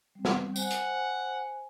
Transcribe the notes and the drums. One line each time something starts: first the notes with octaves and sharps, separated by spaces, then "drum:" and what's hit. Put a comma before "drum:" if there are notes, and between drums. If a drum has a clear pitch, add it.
G3 C4
drum: snare
C5 F#5 G#5, drum: tambourine
drum: hi-hat